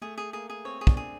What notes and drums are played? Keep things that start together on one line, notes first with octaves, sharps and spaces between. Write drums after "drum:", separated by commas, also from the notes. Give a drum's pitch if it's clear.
A3 G#4
G#4
A#3 G#4
G#4
C4 C#5
G#4
D4, drum: kick
G#4